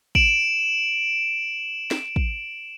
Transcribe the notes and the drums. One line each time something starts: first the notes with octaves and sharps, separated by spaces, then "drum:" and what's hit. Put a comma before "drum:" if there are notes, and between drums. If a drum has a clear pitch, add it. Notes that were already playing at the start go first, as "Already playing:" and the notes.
D7 E7 F#7, drum: kick
drum: snare
drum: kick